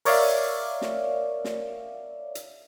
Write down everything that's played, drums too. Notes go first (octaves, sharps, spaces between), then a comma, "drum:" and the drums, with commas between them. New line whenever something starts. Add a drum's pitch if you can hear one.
A#4 C#5 D5 E5 F5, drum: open hi-hat
drum: snare
drum: snare
drum: hi-hat